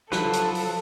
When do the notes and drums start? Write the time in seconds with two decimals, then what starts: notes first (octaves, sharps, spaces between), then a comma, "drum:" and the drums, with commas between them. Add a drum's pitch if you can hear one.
0.12 F3 F#3 A4 B4, drum: snare
0.33 drum: hi-hat
0.55 drum: open hi-hat